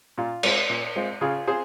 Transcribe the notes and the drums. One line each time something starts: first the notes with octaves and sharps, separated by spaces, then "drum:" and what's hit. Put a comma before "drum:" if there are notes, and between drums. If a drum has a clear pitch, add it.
A#2 F4
G#3 C4 F4, drum: cymbal
A#2
G#3 C4 F4
C#3 F4 G#4
C4 F4 G#4 C5